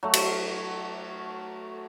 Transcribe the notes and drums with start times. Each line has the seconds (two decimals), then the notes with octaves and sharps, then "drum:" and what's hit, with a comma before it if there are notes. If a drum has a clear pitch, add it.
0.03 F#3 A3
0.13 drum: cymbal